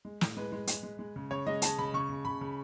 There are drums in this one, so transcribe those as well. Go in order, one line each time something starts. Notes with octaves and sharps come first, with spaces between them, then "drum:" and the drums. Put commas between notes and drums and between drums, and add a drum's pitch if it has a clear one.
G#3
A2, drum: snare
G#3 B4
G#3
G#3, drum: hi-hat
G#3
G#3
C#3
C#3 C#5
G#3 D#5
G#3 A5, drum: hi-hat
C#3 B5
C#3 C#6
C#3
C#3 B5
C#3